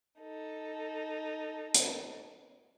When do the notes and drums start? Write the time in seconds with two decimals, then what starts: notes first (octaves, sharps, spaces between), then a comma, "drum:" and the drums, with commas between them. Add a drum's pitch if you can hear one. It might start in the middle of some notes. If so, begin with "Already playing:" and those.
0.20 D#4 A4
1.74 drum: hi-hat